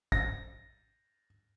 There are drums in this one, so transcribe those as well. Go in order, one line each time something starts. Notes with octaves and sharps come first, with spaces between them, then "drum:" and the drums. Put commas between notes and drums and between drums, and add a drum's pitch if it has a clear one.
A#6, drum: kick